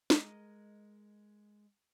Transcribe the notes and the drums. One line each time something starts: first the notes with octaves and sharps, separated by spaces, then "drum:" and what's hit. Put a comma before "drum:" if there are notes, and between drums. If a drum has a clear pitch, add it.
G#3 A#4 D#5, drum: snare